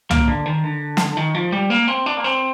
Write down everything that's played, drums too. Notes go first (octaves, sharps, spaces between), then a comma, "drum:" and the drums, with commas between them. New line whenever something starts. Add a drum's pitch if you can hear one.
A#3, drum: tom C#2
D3
D#3
D3
drum: snare
D#3
F3
G3
A#3
C4
D4
A#3
C4